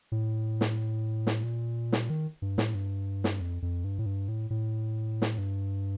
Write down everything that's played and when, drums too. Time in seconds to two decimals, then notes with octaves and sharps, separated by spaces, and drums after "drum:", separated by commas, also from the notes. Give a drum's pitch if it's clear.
0.12 A2
0.61 drum: snare
1.27 drum: snare
1.43 A#2
1.92 drum: snare
2.09 D#3
2.42 G2
2.58 A2, drum: snare
2.74 G2
3.24 drum: snare
3.40 F2
3.62 F2
3.84 G2
3.99 A2
4.06 G2
4.28 A2
4.50 A2
5.22 drum: snare
5.38 G2